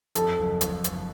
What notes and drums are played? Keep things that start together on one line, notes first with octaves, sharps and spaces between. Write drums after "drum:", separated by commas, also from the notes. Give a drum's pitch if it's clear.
F2 A4, drum: hi-hat
F#1
F#1, drum: hi-hat
F#1, drum: hi-hat